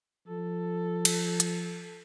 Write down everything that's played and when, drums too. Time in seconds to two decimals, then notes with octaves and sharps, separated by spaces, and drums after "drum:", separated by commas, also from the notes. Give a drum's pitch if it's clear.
0.28 F3 A4
1.05 drum: cymbal
1.40 drum: hi-hat